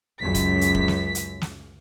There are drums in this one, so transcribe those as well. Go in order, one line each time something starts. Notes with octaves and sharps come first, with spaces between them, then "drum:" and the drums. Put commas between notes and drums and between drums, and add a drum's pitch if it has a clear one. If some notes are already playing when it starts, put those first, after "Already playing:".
C#2 F#2 B6
drum: kick F1, hi-hat
drum: hi-hat
drum: kick F1
drum: snare
drum: hi-hat
drum: snare